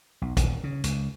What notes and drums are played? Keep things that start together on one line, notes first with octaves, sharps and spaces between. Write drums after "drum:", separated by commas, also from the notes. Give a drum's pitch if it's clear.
B1
D#1, drum: kick, hi-hat
C#3
C#2, drum: hi-hat